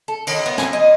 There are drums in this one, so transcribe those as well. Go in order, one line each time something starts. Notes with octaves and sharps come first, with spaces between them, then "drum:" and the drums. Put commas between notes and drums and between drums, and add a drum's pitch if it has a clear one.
A4
D#3, drum: cymbal
B3
G#5, drum: snare
D#5